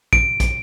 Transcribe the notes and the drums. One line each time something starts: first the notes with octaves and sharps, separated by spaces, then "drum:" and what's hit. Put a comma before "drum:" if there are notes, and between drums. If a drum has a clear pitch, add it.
D7, drum: kick
drum: kick, hi-hat